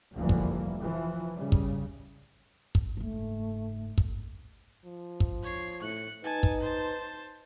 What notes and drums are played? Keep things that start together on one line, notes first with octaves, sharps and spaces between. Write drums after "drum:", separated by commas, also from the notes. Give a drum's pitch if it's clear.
F1 D2 E3 F3 G3 A#3
drum: kick
E3 F3
C#3 G3
drum: kick
drum: kick
F#1 G#2 A3
drum: kick
F3
drum: kick
C#5 C7
A2 F#6 C#7
D#4 B4 G#5 A5
drum: kick
C5 A5